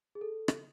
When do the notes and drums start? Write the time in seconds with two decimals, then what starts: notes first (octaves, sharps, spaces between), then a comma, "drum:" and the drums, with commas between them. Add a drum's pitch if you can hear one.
0.15 G#4
0.21 A4
0.48 drum: rim click